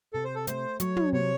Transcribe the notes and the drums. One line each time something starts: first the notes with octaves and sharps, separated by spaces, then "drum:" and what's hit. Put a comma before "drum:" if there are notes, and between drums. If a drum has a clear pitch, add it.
C3 A4
C5
A4
A3 C5, drum: hi-hat
F#3 C#5, drum: hi-hat
drum: tom
C3 C#5